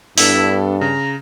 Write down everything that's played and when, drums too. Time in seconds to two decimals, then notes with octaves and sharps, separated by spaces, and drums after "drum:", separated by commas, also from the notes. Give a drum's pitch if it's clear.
0.18 G2 B3 D4 E4 A4, drum: open hi-hat
0.81 C#3 A#5